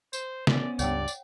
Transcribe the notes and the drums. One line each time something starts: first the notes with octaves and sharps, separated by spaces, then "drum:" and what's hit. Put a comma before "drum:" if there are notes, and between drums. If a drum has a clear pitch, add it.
C5, drum: tambourine
B3 C#4 D5, drum: snare
C#2 G2 C#5 D5 F#5 G5, drum: tambourine
drum: tambourine